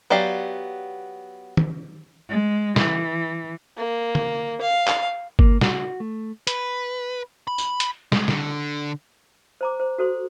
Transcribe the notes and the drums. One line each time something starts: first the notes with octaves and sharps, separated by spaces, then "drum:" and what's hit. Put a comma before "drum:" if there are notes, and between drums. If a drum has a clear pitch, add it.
F#3 B3 G4 D5 F5
drum: tom
G#3
E3, drum: snare
A#3
drum: tom D3
F5
drum: clap
A#3, drum: kick G1
F#4, drum: snare
A3
B4, drum: hi-hat
B5
drum: tambourine
drum: hi-hat
G#3, drum: snare
D3, drum: snare
C5 A#5 D6
C5
F#4 A4 C5 C6